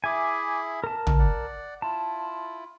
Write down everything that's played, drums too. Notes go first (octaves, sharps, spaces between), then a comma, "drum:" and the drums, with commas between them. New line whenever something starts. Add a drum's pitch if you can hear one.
E4 G#4 E5 G#5 D6
A#4 A5
drum: tom
D5 F#5
E4 F4 A5